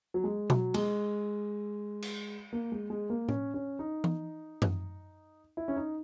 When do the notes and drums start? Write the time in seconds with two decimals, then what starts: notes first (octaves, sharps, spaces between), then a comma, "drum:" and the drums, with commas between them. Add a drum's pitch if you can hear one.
0.14 F#3
0.24 G#3
0.50 F#3, drum: tom B2
0.74 G#3, drum: cymbal
2.02 drum: cymbal
2.53 A#3
2.72 G#3
2.90 G#3
3.10 A#3
3.29 C#4, drum: tom A2
3.54 C#4
3.79 D#4
4.04 drum: tom E3
4.62 drum: tom F#2
5.57 E4
5.68 C#4
5.77 D#4